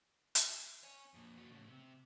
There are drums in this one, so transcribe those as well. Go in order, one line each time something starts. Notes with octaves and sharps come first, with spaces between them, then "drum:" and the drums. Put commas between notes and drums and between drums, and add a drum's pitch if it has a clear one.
drum: hi-hat
C#5 G#5
F2 A#2
A#3 F#4
A2 C#3
C3